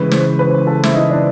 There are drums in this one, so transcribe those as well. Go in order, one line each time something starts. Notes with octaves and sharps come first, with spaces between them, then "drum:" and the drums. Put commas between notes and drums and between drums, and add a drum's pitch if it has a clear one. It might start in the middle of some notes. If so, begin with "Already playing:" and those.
Already playing: C#3 E3 G#3 B4
C5, drum: snare
B4
A4
E4, drum: snare
D#4
D4